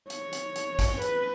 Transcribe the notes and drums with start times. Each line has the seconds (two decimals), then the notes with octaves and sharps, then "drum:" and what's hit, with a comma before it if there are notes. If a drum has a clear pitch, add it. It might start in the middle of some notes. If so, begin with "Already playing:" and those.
0.10 C#5, drum: hi-hat
0.33 drum: hi-hat
0.56 drum: hi-hat
0.79 drum: kick, hi-hat
1.02 B4, drum: hi-hat